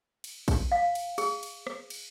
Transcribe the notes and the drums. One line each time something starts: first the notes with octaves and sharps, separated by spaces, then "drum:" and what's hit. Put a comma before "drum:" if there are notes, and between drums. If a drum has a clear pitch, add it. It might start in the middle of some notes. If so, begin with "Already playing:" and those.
drum: cymbal
drum: kick, cymbal
F5
drum: cymbal
G#4, drum: cymbal
drum: cymbal
drum: rim click
drum: cymbal